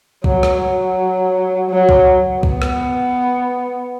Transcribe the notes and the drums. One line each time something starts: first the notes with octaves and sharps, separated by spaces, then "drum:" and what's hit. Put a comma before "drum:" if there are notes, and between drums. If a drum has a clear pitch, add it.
F#3, drum: kick C2
drum: rim click
F#3
F#3
drum: kick C2
B3, drum: kick C2
drum: rim click